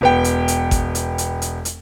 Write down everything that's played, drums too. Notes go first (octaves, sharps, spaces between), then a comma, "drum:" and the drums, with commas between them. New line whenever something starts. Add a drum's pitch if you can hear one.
E1 B3 G5
drum: hi-hat
drum: hi-hat
drum: kick G#1, hi-hat
drum: hi-hat
drum: hi-hat
drum: hi-hat
drum: hi-hat